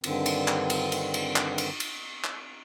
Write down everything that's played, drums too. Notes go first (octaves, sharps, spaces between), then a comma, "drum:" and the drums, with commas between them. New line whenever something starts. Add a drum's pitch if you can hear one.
G2 D3 D#3 C4, drum: cymbal
drum: cymbal
drum: clap
drum: cymbal
drum: cymbal
drum: cymbal
drum: clap
drum: cymbal
drum: cymbal
drum: clap